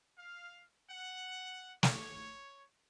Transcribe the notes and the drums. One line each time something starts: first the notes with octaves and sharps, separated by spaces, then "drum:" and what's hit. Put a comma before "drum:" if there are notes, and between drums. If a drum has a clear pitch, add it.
F5
F#5
C#5, drum: snare